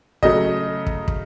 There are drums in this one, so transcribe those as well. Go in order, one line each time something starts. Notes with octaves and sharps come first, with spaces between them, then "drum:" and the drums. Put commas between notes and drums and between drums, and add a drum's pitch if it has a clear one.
C#3 F#3 A3 D#5, drum: kick
drum: kick
drum: kick